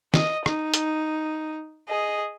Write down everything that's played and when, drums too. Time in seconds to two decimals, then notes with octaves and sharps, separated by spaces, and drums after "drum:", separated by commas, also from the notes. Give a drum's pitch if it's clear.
0.14 D#5, drum: snare
0.46 D#4, drum: rim click
0.74 drum: hi-hat
1.88 G#4 D#5